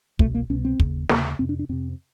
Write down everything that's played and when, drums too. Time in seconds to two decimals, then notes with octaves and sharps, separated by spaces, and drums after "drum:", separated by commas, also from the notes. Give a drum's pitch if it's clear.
0.19 C2 B2 A3, drum: kick
0.34 A#3
0.50 C2 B2 C#4
0.65 C4
0.80 D#2 C#3, drum: kick
1.09 D#2 C#3 A#3, drum: snare
1.39 F2 C3 C4
1.49 D4
1.59 D4
1.69 F2 C3 C4